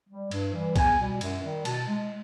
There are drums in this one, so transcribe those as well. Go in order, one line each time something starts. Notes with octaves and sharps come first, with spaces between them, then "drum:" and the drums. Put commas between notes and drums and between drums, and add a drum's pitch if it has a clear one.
G3
G2, drum: cymbal
E3 G3
E2 G#5, drum: kick B1, cymbal
B2 G3
F#2, drum: cymbal
D#3 G3
B2 A5, drum: cymbal
G#3